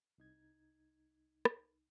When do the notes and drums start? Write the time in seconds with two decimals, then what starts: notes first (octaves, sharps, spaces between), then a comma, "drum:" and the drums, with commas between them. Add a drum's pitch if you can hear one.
0.18 C2 D#4 G#6
1.45 drum: rim click